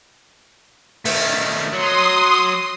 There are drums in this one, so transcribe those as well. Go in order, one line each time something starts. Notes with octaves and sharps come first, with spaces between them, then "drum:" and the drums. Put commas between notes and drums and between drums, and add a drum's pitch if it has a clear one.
D#3 A3, drum: open hi-hat
F#3 C6 D#6